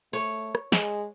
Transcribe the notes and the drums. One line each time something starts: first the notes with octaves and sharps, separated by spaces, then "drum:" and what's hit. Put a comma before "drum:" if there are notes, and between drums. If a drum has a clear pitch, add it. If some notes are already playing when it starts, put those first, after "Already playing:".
A3 C#5, drum: open hi-hat
drum: rim click
G#3, drum: snare